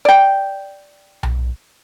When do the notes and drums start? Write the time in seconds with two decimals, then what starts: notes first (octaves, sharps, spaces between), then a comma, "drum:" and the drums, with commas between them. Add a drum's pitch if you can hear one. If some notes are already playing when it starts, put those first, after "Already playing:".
0.05 D5 G5
1.23 drum: tom B1